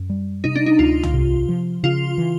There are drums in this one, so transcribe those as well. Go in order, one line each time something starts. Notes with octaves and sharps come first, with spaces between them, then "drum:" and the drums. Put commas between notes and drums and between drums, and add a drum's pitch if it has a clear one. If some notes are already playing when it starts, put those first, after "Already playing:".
Already playing: F#2
G3
C3 D#4
D4
D#4
D2 F4
drum: tom
C3
F3
C#3 F4
E3